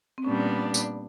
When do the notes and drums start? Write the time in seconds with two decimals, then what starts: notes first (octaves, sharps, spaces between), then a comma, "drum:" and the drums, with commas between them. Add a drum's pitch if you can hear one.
0.18 C4
0.24 A#2 G3 B3 C#4 D4
0.74 drum: tambourine